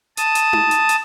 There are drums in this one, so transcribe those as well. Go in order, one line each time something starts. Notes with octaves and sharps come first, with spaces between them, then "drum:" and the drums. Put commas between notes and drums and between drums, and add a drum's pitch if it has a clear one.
A5 D#6, drum: hi-hat
drum: hi-hat
drum: tom D#4
drum: hi-hat
drum: hi-hat